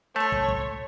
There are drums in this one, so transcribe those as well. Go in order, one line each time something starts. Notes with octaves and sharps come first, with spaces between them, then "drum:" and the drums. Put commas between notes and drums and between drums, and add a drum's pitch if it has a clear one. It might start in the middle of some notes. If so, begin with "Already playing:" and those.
A3 C#5 A5 C6
drum: kick
drum: kick